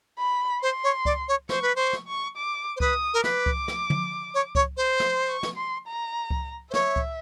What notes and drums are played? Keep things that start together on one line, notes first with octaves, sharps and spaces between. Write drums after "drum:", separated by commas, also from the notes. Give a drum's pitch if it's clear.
B5
C5 C6
C#5
D5, drum: kick C#2
C#5
C5 C#6, drum: snare
B4
C5 C#6
drum: snare
C#6
D6
C5
B4 D#6, drum: kick C#2
A#4
B4 D6, drum: snare
drum: kick C#2
drum: snare
drum: tom
C#5
C#5, drum: kick C#2
C5
C6, drum: snare
C#6
drum: snare
C6
A#5
drum: kick C#2
C5
C#5 E5, drum: snare
drum: kick C#2